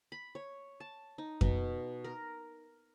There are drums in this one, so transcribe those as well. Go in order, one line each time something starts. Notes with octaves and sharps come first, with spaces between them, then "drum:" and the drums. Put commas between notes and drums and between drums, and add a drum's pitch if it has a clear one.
B5
C#5
A5
D#4
B2, drum: kick F2
A#4